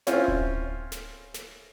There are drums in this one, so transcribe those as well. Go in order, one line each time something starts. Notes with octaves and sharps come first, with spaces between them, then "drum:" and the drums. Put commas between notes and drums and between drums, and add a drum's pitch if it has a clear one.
C4 C#4 E4 F4, drum: snare
drum: kick D1
drum: snare
drum: snare